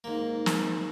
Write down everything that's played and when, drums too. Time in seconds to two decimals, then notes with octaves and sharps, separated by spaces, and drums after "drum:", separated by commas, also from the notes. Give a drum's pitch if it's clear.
0.04 G#2 A#3
0.46 drum: snare